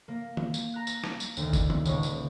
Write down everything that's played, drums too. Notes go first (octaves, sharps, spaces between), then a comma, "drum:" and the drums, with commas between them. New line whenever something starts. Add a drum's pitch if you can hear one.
A#3
drum: tom
drum: tambourine
A#5 F#6
drum: tambourine
drum: snare
drum: tambourine
D2 D#3, drum: tambourine
drum: kick F#1, tambourine
drum: tom
D#1 C#2 C#6, drum: tambourine
drum: tambourine